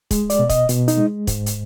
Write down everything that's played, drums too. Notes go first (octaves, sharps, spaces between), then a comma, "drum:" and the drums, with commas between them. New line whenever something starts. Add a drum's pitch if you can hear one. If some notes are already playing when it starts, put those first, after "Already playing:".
G#3, drum: kick, hi-hat
D5, drum: hi-hat
B2
D#5, drum: kick, hi-hat
B2, drum: hi-hat
D#4, drum: hi-hat
G#3
G#2, drum: kick, hi-hat
drum: hi-hat